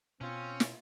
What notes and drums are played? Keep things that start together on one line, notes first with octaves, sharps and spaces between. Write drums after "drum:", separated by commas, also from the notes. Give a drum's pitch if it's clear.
B2 C4 C#4 F4
drum: snare